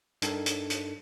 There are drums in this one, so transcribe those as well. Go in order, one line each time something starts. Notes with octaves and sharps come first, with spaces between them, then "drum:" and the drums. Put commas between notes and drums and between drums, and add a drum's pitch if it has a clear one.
G2 D4 D#4 A4 A#4, drum: hi-hat
drum: hi-hat
drum: hi-hat